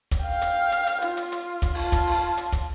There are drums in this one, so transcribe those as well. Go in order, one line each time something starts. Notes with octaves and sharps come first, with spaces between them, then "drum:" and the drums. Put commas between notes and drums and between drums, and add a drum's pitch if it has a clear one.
drum: kick, hi-hat
F5 G5
drum: hi-hat
drum: hi-hat
drum: hi-hat
F4, drum: hi-hat
drum: hi-hat
drum: hi-hat
drum: kick, hi-hat
F4 A5, drum: open hi-hat
drum: kick, hi-hat
drum: open hi-hat
drum: hi-hat
drum: kick, hi-hat